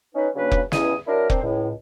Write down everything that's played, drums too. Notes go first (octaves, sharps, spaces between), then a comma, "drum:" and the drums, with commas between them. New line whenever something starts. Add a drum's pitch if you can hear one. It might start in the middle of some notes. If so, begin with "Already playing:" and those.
C#4 D#4 B4
C#3 F#3 G3 A#3 D4 B4
drum: kick F1
E2 G2 G#3 C#4 E4 D#6, drum: snare
F#3 D4 E4 A#4
C4 D4 A#4 C5, drum: kick F1
C#2 A2